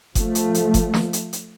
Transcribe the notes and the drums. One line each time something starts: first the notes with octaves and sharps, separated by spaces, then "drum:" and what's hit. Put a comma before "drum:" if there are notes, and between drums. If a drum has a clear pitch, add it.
F3 A3, drum: kick F#1, hi-hat
drum: hi-hat
drum: hi-hat
drum: kick F#1, hi-hat
drum: snare
drum: hi-hat
drum: hi-hat